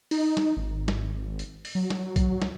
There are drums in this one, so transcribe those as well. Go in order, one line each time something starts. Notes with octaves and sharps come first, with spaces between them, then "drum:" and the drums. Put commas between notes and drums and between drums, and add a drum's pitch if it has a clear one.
D#4, drum: open hi-hat
drum: snare
G#1
drum: snare
drum: hi-hat
drum: open hi-hat
F#3
drum: snare
drum: kick, hi-hat
drum: snare